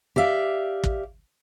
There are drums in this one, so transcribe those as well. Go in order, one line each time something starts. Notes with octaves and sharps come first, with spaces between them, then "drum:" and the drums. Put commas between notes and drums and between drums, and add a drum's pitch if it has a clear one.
G4 D5 E5 F5
drum: kick